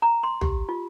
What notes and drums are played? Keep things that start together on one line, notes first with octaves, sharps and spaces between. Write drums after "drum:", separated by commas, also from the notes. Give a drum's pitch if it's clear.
A#5
C6
G4, drum: tom
F4